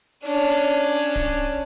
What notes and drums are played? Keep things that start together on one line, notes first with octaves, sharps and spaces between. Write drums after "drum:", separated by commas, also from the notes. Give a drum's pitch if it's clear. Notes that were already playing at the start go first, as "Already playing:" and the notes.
C#4 D4, drum: hi-hat
drum: hi-hat
drum: hi-hat
drum: kick D1, hi-hat